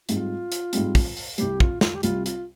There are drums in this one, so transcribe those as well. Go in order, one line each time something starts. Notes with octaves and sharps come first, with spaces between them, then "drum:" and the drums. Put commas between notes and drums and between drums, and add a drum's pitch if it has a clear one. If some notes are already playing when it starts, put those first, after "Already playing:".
G#2 G3 C4 F4, drum: hi-hat
drum: hi-hat
G#2 G3 C4, drum: hi-hat
drum: kick, open hi-hat
drum: open hi-hat
C2 C3 G3 G4, drum: hi-hat
F4, drum: kick
F4, drum: snare
G4
C2 C3 G3 F4, drum: hi-hat
F4, drum: hi-hat